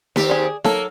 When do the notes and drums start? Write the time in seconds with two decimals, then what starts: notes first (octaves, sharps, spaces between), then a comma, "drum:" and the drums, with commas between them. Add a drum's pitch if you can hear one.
0.16 D#2 C4 G4, drum: snare D#4
0.29 G#4 D5
0.64 F#3 A#3 A4, drum: snare D#4